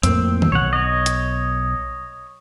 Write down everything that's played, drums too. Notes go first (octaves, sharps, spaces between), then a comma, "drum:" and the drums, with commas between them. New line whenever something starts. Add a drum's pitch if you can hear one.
F2 A2 A#3 C4, drum: hi-hat
drum: tom D#3
B1 C#5 F#5
C#5 D#5
drum: hi-hat